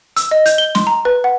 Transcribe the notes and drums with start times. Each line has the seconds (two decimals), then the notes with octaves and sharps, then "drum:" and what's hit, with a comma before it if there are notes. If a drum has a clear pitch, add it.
0.16 E6, drum: hi-hat
0.31 D#5
0.46 G6, drum: hi-hat
0.58 G7
0.75 C6, drum: snare
0.87 A#5
1.05 B4
1.24 F#5